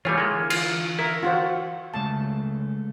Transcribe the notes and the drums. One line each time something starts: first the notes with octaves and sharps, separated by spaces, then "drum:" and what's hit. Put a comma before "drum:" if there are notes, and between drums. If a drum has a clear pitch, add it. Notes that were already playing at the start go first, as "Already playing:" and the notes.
D3 E3 G3 A3 F4 C#5 G#5
G#3 A#3
F4, drum: cymbal
E4 A#4
F4 F#4 C5
C#3 G#3 A3 A5